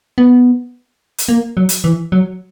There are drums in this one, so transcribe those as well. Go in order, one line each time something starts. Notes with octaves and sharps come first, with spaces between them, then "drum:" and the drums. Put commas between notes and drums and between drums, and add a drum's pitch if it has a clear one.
B3
drum: hi-hat
A#3
F#3
drum: hi-hat
E3
F#3